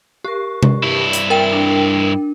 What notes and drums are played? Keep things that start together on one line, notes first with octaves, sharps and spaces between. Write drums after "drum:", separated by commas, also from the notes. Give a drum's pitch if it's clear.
G4 A#4 C#6
drum: tom C3
G2 E4
drum: hi-hat
A#4 E5 G5
D4